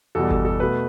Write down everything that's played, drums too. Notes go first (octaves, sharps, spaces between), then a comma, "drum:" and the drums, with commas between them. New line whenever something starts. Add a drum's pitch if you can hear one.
E2 B2 G3 A4
A4, drum: kick G1
A4
B2 A3 B4